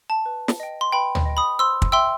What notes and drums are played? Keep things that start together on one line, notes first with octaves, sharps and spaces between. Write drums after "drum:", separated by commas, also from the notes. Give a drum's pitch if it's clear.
A5
B4
drum: snare
D#5 G5
C6
B4 G5 B5
drum: tom
D#5 G5
B5 D#6
C5 C6 E6
drum: kick
E5 G5 C6 E6